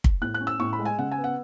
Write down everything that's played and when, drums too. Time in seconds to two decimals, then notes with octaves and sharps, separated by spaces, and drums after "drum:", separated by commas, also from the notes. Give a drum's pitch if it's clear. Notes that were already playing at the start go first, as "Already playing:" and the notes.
0.04 drum: kick
0.22 A2 F#6
0.34 F#6
0.40 C#4
0.47 E6
0.60 A2 C#6
0.73 B5
0.79 G#3
0.85 G#5
0.98 C#3 F#5
1.12 G#5
1.18 B3
1.24 F#5